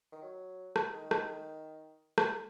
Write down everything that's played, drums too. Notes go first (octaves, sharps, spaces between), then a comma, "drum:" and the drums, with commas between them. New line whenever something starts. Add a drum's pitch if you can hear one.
D#3
F#3
drum: rim click
D#3
drum: rim click
drum: rim click